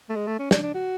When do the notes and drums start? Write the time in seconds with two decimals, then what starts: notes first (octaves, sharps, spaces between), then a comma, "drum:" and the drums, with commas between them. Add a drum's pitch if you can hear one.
0.09 A3
0.16 G#3
0.27 A3
0.39 C#4
0.51 D4, drum: snare
0.62 D4
0.74 F#4